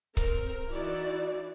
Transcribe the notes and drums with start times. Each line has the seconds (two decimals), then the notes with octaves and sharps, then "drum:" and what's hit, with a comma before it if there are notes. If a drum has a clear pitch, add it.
0.17 C4 A#4, drum: kick C#1
0.69 E3 D#4 E4 F#4 D5